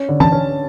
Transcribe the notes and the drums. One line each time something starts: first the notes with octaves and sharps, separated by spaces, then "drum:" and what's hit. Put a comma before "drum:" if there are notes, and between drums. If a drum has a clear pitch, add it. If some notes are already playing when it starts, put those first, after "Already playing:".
Already playing: C#4
D3
A5, drum: tom
C#4